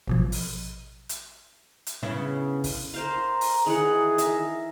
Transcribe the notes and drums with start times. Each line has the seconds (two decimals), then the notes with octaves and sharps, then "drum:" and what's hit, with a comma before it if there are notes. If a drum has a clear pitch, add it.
0.07 A1 B2 F3
0.32 drum: open hi-hat
1.09 drum: hi-hat
1.87 drum: hi-hat
2.03 C#3 B3 E4
2.64 drum: kick, open hi-hat
2.94 A#4 C5 F5 A#5
3.41 drum: open hi-hat
3.66 D#3 E3 G#4 F#5
4.18 A#4 E5, drum: hi-hat